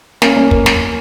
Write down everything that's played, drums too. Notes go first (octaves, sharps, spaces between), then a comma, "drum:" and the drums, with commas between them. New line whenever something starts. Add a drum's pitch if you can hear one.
A#3 C#4, drum: snare
A#3 C#4
drum: kick
drum: snare